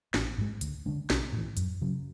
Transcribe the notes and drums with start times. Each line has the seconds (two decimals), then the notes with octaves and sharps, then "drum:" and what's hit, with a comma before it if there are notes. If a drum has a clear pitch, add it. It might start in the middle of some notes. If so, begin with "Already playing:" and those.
0.14 A1, drum: snare
0.38 G#2 G#3
0.61 D2, drum: hi-hat
0.86 D3 G#3 D4
1.10 B1, drum: snare
1.33 A2 E3
1.57 F#2, drum: hi-hat
1.81 C#3 F#3